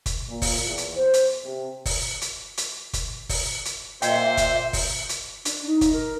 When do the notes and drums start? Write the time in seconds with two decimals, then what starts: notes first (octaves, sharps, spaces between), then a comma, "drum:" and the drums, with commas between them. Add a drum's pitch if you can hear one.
0.06 drum: kick, hi-hat
0.29 A#2
0.42 drum: kick, open hi-hat
0.66 E2
0.78 drum: hi-hat
0.97 C5
1.14 drum: hi-hat
1.45 C3
1.86 drum: kick, open hi-hat
2.21 drum: hi-hat
2.57 drum: hi-hat
2.93 drum: kick, hi-hat
3.29 drum: kick, open hi-hat
3.65 drum: hi-hat
4.02 A#2 C5 D#5 E5 G5, drum: hi-hat
4.37 drum: kick, hi-hat
4.73 drum: kick, open hi-hat
5.09 drum: hi-hat
5.45 D4, drum: hi-hat
5.66 D#4
5.81 drum: kick, hi-hat
5.93 A#4